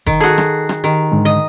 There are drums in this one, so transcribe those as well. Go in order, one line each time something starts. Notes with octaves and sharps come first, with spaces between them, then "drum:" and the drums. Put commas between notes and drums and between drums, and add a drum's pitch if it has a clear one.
D#3, drum: kick
F#4 G#4 A4
drum: rim click
drum: rim click
D#3 G4
G#2 D3 G#3
D#5